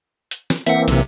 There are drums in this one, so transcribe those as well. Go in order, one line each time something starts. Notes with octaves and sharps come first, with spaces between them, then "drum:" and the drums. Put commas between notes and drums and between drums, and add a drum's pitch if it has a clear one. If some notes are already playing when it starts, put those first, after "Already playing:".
drum: hi-hat
drum: snare
E3 A#3 C4 E5 F#5, drum: hi-hat
B1 C3, drum: hi-hat